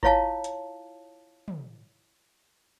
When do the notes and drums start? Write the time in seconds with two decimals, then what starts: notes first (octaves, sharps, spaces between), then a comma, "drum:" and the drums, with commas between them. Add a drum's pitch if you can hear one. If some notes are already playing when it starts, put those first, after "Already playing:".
0.03 E4 F4 C#5 F5 A5, drum: kick G#1
0.44 drum: hi-hat
1.48 drum: tom